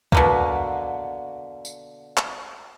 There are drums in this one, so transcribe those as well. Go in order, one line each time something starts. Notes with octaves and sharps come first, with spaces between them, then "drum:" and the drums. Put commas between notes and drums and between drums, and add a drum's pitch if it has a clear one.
B2 D3 A#3, drum: kick C2
drum: tambourine
drum: clap